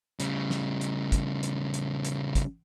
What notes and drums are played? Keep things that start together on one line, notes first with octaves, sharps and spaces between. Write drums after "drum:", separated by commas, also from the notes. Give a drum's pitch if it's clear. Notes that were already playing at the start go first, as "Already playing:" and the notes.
C#3 G3, drum: hi-hat
drum: snare
drum: hi-hat
drum: kick, hi-hat
drum: hi-hat
drum: hi-hat
drum: hi-hat
drum: kick, hi-hat